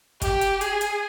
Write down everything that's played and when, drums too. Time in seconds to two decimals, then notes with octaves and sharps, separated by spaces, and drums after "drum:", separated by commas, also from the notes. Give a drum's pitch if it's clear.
0.22 G4, drum: kick, hi-hat
0.41 drum: hi-hat
0.61 G#4, drum: hi-hat
0.81 drum: hi-hat